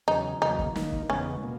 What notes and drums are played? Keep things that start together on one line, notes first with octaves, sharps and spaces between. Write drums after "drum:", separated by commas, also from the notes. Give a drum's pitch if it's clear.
E2 C#3 F#3 C#4 D#4
E2 C#3 F#3 A#3 D#4
drum: kick
D#3 A#3 D#4, drum: snare
drum: kick
E2 C#3 G#3 B3 C#4
B2 A#3